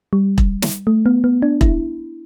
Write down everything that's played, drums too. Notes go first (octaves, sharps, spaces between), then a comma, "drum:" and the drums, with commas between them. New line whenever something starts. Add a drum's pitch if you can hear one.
G3
drum: kick E1
drum: snare
A3
B3
B3
D4
E4, drum: kick E1